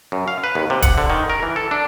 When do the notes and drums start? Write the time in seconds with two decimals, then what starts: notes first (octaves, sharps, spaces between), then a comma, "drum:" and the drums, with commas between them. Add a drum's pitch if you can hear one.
0.12 F#2
0.28 F5
0.44 B4
0.55 D#2
0.70 C3
0.82 F#5, drum: kick, hi-hat
0.98 D3
1.10 D#3
1.30 A#4
1.43 E3
1.56 A4
1.71 D4